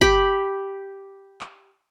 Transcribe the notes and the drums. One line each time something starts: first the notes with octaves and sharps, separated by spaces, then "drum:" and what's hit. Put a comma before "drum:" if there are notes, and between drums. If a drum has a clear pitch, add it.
G4 B5, drum: kick
drum: clap